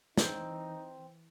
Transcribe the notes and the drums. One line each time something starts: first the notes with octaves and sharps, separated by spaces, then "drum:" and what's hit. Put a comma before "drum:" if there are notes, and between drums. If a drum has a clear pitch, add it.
E3 C4 D#4, drum: snare